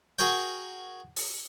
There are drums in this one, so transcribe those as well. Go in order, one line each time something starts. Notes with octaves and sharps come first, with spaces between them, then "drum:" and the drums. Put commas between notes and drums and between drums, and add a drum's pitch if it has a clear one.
F#4 G#4 A#4 C#5 G5
drum: open hi-hat